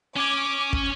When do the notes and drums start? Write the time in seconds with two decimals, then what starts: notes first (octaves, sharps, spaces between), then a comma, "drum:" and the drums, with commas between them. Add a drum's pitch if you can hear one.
0.17 C#4 G#5 D6
0.73 drum: kick